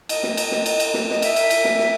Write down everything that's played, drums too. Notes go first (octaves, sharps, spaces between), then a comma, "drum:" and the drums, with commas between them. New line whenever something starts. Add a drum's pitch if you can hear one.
D#5, drum: cymbal
drum: snare
drum: cymbal
drum: snare
drum: cymbal
drum: cymbal
drum: snare
D#5, drum: snare
E5, drum: cymbal
drum: cymbal
drum: cymbal
drum: snare
drum: snare